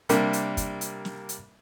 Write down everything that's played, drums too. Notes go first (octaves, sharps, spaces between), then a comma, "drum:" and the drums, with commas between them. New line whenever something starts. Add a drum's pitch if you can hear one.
C3 G3 A#3 D4, drum: hi-hat
drum: hi-hat
drum: kick, hi-hat
drum: hi-hat
drum: snare
drum: hi-hat